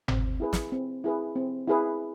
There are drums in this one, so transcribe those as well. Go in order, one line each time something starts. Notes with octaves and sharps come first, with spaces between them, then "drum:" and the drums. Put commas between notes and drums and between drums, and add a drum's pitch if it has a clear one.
C4, drum: tom G1
E4 G#4 B4
drum: snare
C4
E4 G#4 B4
C4
E4 G#4 B4